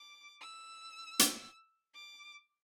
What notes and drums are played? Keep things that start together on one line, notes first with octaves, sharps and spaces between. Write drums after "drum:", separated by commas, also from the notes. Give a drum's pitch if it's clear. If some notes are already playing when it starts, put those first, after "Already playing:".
Already playing: D6
E6
drum: hi-hat
D6